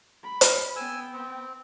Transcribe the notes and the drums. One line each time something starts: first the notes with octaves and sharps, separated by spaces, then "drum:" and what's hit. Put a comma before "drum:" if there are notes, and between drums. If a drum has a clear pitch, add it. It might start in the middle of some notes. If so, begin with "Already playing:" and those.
B5
drum: hi-hat
B3 G5 G#5 E6
C4